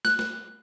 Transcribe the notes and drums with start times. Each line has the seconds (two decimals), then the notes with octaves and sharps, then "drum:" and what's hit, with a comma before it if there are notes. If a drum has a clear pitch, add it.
0.05 F#6, drum: snare
0.19 drum: snare